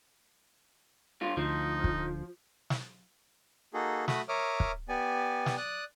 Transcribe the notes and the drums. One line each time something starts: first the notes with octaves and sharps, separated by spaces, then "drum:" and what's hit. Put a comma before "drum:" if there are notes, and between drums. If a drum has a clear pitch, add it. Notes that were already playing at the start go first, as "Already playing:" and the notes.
G2 F4
D2 F3 D#4
drum: kick
drum: snare
A#3 D#4 F#4 G#4 A4
A3 F#4 B5 D#6, drum: snare
A#4 C#5 E5 D6 D#6 F6
drum: kick
B3 G4 D5 G#5
drum: snare
D5 D#6 F#6